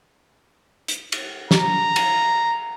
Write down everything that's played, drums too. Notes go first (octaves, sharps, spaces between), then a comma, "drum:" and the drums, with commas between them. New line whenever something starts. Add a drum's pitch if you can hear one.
drum: hi-hat
drum: cymbal
A#5, drum: snare
drum: cymbal